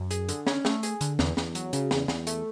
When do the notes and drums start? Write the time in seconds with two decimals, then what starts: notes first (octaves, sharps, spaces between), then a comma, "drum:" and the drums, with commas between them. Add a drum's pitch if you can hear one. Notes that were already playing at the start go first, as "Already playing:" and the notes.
Already playing: F#2
0.11 G#4, drum: hi-hat
0.29 D3, drum: hi-hat
0.47 C#4, drum: snare
0.65 A3, drum: snare
0.83 G#4, drum: hi-hat
1.01 D3, drum: hi-hat
1.19 E2, drum: snare
1.37 E2, drum: snare
1.55 F#3, drum: hi-hat
1.73 C#3, drum: hi-hat
1.91 E2, drum: snare
2.08 E2, drum: snare
2.27 A3, drum: hi-hat